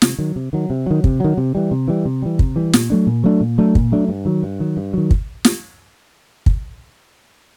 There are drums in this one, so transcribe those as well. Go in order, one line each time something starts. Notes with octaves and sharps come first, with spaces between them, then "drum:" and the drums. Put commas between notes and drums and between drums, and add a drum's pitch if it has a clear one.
C3, drum: snare
D#3 F#3
C3
D#3 F#3
C3
D#3 F#3
C3, drum: kick
D#3 F#3
C3
E3 G3
C3
E3 G3
C3
E3 G3
C3, drum: kick
E3 G3
A#2, drum: snare
F#3 A3 D4
A#2
F#3 A3 D4
A#2
F#3 A3 D4
A#2, drum: kick
F#3 A3 D4
G2
D#3 F#3
G2
D#3 F#3
G2
D#3 F#3
drum: kick
drum: snare
drum: kick